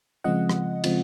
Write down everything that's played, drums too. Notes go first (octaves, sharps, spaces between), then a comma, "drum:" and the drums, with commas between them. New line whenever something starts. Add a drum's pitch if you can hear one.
C#3 F3 G#3 C4 F4 D#5 F#5
drum: rim click
C#3 F3 G#3 C4 F4, drum: cymbal